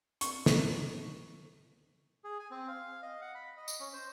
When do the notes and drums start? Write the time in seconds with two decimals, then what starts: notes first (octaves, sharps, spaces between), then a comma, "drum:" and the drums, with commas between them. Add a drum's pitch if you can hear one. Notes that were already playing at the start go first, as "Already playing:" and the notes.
0.21 C#6, drum: hi-hat
0.46 drum: snare
2.24 G#4
2.39 G#5
2.51 C4
2.68 F5
3.03 D#5
3.22 F#5
3.35 B5
3.57 D#5
3.68 drum: tambourine
3.80 C#4
3.93 C5